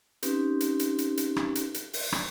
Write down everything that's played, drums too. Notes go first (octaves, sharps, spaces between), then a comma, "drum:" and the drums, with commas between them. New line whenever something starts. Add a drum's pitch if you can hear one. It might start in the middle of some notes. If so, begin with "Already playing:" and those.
C4 C#4 D#4 G4 B4, drum: hi-hat
drum: hi-hat
drum: hi-hat
drum: hi-hat
drum: hi-hat
drum: rim click
drum: hi-hat
drum: hi-hat
drum: open hi-hat
drum: rim click